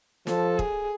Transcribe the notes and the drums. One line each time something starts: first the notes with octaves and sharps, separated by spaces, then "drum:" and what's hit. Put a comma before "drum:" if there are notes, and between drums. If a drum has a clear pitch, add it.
F3 A4, drum: snare
G#4, drum: kick